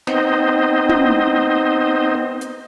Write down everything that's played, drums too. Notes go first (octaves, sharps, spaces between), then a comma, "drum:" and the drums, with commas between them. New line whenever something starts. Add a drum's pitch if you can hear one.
B3 C4 D#4 C5 D#5, drum: snare
drum: tom
drum: hi-hat